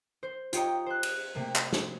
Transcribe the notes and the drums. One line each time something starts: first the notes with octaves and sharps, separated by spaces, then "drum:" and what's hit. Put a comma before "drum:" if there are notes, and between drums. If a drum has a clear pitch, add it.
C5
F4 G4 C#5 D#5 A#5, drum: hi-hat
C5 F#6
drum: cymbal
C3 A3 A#3
drum: clap
drum: snare